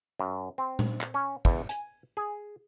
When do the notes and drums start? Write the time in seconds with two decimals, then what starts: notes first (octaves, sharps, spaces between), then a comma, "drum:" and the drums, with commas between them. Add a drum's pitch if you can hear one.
0.19 F#2
0.58 C4
0.79 drum: tom A#2
1.01 drum: clap
1.14 C#4
1.45 E2, drum: kick
1.69 G#5, drum: hi-hat
2.17 G#4